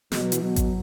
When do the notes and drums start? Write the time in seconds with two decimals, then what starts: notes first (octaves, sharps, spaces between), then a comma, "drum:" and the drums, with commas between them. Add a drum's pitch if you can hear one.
0.12 B2 G#3, drum: snare
0.21 F#3
0.32 E3, drum: hi-hat
0.41 B2 F#3
0.56 drum: kick A1, hi-hat